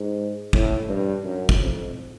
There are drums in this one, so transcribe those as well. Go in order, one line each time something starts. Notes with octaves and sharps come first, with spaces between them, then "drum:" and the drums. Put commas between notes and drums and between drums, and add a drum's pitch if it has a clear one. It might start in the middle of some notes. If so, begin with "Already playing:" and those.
Already playing: G#2
A2, drum: kick
G2
F#2
drum: kick
F2